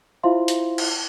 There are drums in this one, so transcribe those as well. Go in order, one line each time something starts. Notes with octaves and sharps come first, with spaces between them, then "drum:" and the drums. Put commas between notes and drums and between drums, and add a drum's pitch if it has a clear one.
E4 F4 C5 E5 F5 C6
drum: hi-hat
drum: cymbal